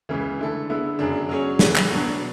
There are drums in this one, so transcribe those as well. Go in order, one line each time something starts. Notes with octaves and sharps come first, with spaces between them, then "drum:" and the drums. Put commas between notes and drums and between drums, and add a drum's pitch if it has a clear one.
C#2 C#3 E3
D3 A3 E4 A4
D3 G#3 B3 E4
F#2 C#3 G#3 D4
F#3 C#4 G#4 C#5
E3 G#3 B3, drum: snare
drum: clap
B2 F#3 B3 D4